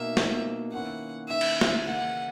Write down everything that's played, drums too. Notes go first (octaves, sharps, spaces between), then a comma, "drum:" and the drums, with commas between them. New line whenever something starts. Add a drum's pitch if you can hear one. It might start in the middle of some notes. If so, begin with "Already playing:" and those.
Already playing: B2 A#3 D#4 A#4 E5
B2 A#3 D#4 A#4, drum: snare
D#3 A#3 C#4 E4 B4 F#5
D#3 A#3 C#4 E4 B4 E5
drum: cymbal
drum: snare
C#3 E3 A#3 C#4 F#5